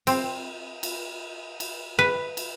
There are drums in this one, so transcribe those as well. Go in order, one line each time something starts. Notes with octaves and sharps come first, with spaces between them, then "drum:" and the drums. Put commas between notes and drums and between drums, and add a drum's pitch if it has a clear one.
C4, drum: cymbal
drum: cymbal
drum: cymbal
B4
drum: cymbal